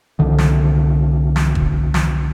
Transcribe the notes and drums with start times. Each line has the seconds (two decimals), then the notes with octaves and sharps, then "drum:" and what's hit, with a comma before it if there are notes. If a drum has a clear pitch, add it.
0.19 C2 D3 D#3
0.38 drum: snare
1.36 drum: snare
1.55 drum: kick
1.94 drum: snare